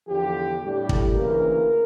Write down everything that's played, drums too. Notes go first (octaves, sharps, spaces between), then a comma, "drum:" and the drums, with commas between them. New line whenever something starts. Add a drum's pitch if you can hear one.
E2 D3 F3 G4
A2 G3 D4 G4
drum: kick
D2 C#3 E3 A#3 C#4 A#4